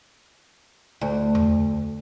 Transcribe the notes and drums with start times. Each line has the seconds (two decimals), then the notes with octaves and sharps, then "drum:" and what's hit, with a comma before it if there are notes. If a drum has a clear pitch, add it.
1.01 D2
1.35 drum: tom E2